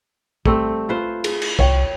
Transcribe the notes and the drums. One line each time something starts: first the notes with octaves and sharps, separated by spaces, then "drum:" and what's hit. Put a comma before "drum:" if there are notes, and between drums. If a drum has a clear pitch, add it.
G3 A3 C4, drum: kick
F4 B4 C5
G#4, drum: cymbal
drum: cymbal
C2 C#5 G5, drum: kick